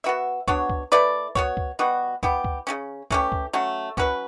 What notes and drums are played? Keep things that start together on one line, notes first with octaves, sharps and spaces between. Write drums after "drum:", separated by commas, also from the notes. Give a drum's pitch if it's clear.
B3 F#4 B4 E5
B3 D4 F#4 C#5, drum: kick
drum: kick
A3 E4 B4 D5
B3 F#4 C#5, drum: kick
drum: kick
B2 G3 B3 F#4
B3 E4 G4, drum: kick
drum: kick
C#3 G3 C#4
E3 A3 C#4 G4, drum: kick
drum: kick
F#3 A3 C#4
F#3 C#4 E4 B4, drum: kick